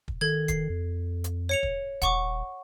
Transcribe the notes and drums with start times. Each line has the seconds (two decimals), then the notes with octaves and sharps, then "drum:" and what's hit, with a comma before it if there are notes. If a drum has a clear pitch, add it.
0.08 drum: kick
0.21 D#3 A4 G#6
0.48 C7, drum: kick, hi-hat
0.70 F2
1.24 drum: hi-hat
1.49 C#5 C#7 F7
1.63 drum: kick
2.02 D#1 F#5 C#6 D6, drum: kick, hi-hat